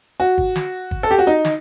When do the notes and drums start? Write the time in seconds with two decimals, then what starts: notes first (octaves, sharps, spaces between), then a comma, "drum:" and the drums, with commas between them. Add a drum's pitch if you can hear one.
0.20 F#4
0.38 drum: kick
0.56 drum: snare
0.91 drum: kick
1.03 A4
1.11 G4
1.19 F#4
1.27 D#4
1.45 drum: snare